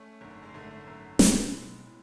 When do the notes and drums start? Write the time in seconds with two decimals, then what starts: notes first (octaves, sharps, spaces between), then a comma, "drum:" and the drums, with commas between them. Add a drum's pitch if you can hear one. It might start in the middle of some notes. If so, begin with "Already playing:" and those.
Already playing: A3 C#4
0.21 G#1 F#2 D3
0.43 G#3
0.54 G#1 F#2 D3 A3
0.70 A3
0.87 G#1 F#2 D3
1.19 B1 A2, drum: snare
1.44 C#4
1.51 B1 A2 G#3 B3
1.87 A2